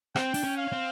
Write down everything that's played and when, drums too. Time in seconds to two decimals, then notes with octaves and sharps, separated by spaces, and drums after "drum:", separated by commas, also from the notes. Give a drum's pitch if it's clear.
0.16 C4 G5, drum: rim click
0.34 D4, drum: open hi-hat
0.44 C#4
0.58 F5
0.72 C4